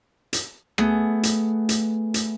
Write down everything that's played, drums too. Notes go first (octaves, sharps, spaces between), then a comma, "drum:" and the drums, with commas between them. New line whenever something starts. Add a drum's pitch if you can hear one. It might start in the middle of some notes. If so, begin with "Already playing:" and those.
drum: hi-hat
A3 B3 G#4, drum: rim click
drum: hi-hat
drum: hi-hat
drum: hi-hat